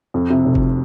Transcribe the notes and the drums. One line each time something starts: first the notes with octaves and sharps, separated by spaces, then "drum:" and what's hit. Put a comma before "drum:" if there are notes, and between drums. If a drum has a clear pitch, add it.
F2
C3
F1
drum: kick F#1